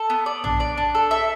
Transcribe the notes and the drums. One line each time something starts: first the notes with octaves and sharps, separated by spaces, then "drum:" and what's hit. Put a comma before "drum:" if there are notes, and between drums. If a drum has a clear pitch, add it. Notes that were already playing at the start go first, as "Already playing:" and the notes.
Already playing: A4
B3
D5
D4, drum: tom A#1
D5
D4
A4
E5